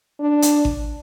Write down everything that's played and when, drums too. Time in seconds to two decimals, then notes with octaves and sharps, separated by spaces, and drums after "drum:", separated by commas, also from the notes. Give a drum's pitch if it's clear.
0.20 D4
0.42 drum: hi-hat
0.65 drum: kick G#1